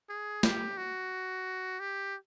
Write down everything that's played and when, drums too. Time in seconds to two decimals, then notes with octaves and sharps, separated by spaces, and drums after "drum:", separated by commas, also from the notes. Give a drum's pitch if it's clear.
0.09 G#4
0.43 G4, drum: snare
0.77 F#4
1.80 G4